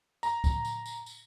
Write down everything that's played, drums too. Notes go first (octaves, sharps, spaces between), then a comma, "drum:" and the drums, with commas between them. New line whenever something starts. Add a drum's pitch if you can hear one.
A#5, drum: tambourine
drum: kick, tambourine
drum: tambourine
drum: tambourine
drum: tambourine